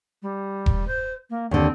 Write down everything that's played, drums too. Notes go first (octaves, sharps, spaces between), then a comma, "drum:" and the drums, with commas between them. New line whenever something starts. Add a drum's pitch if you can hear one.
G3
drum: kick E1
C5
A#3
D#2 D3 C4